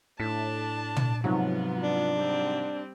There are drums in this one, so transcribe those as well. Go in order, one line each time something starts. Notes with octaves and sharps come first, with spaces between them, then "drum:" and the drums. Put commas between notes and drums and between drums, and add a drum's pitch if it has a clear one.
A2 D4 A5 B6
drum: tom
G#2 C3 F3 F#3 B3 F4
D4
G3 C4